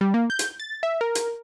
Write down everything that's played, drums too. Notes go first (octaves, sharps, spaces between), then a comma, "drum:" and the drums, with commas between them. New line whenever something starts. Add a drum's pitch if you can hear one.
G3
A#3
G6
drum: hi-hat
A6
E5
A#4
drum: hi-hat